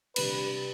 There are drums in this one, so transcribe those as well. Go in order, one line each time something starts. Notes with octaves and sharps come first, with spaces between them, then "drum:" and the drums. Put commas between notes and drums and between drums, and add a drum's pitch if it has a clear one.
C3 G3 D4 B4, drum: cymbal